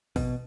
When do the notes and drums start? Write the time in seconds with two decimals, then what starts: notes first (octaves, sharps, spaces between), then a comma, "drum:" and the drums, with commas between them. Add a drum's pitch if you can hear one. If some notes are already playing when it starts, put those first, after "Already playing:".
0.16 B2, drum: kick A1, open hi-hat